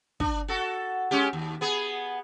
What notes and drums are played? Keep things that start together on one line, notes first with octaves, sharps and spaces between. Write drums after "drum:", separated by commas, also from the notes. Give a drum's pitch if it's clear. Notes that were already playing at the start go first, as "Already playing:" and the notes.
D4, drum: kick
F#4 A4
G#3 C#4 G4
D#2
B3 G#4